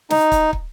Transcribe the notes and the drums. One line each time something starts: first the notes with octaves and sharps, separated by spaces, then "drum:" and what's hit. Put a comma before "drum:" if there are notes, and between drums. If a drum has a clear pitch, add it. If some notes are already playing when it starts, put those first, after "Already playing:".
D#4, drum: snare
drum: kick, hi-hat
drum: kick